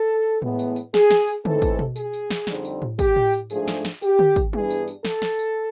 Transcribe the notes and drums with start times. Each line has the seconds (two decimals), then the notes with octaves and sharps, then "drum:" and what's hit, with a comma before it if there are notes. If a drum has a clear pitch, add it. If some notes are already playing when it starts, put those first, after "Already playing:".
Already playing: A4
0.42 A2 E3 G#3 B3, drum: tom A2
0.59 drum: tambourine
0.76 drum: tambourine
0.94 G#4, drum: snare
1.10 drum: snare
1.28 drum: tambourine
1.45 G#2 E3 A3 C4 D#4 A4, drum: tom D3
1.62 drum: kick, tambourine
1.79 drum: tom B2
1.96 G#4, drum: tambourine
2.13 drum: tambourine
2.30 drum: snare
2.47 F2 D3 G3 C4 D#4, drum: snare
2.65 drum: tambourine
2.82 drum: tom A2
2.99 G4, drum: kick, tambourine
3.16 drum: tom A2
3.33 drum: tambourine
3.50 G#2 F3 A3 D4 G#4, drum: tambourine
3.68 drum: snare
3.85 drum: snare
4.02 G4, drum: tambourine
4.19 drum: tom D3
4.36 drum: kick, tambourine
4.53 G2 E3 G3 B3 D4 G#4, drum: tom G3
4.70 drum: tambourine
4.88 drum: tambourine
5.05 A4, drum: snare
5.22 drum: snare
5.39 drum: tambourine